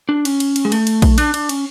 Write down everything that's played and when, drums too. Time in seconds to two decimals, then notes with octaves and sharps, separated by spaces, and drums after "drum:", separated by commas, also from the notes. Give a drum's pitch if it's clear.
0.09 D4
0.25 C#4, drum: cymbal
0.40 drum: cymbal
0.56 drum: cymbal
0.65 G#3
0.72 A3, drum: cymbal
0.87 drum: cymbal
1.02 drum: kick A#1, cymbal
1.18 D4, drum: cymbal
1.34 D4, drum: cymbal
1.49 C#4, drum: cymbal